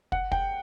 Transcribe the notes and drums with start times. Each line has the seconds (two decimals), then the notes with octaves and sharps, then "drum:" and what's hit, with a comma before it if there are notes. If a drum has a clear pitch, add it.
0.12 F#5, drum: kick
0.32 G5, drum: kick